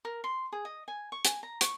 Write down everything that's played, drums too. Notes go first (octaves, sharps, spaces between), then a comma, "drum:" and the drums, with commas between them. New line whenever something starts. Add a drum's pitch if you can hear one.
A#4
C6
G#4
D#5
G#5
C#6
G#5, drum: hi-hat
A#5
C#6, drum: hi-hat